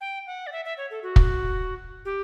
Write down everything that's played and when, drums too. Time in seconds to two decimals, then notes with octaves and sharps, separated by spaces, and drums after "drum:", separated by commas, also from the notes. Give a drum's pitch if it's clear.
0.01 G5
0.27 F#5
0.47 D5
0.52 E5
0.65 E5
0.78 C#5
0.91 A4
1.03 F#4
1.16 drum: kick
2.05 G4